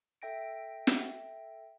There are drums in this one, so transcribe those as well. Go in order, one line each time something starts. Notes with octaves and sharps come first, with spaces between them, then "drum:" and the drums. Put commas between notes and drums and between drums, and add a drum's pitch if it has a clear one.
A4 E5 G5 A#6 D7
drum: snare